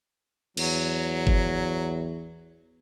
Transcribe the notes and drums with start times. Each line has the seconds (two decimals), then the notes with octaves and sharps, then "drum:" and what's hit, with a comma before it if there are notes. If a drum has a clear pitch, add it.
0.57 E2 F#3, drum: cymbal
1.27 drum: kick G1